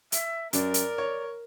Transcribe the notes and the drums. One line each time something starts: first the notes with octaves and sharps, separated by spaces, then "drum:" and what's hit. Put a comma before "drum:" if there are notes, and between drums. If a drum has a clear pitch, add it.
E5, drum: hi-hat
F#2 A#4 D5, drum: hi-hat
drum: hi-hat
C#5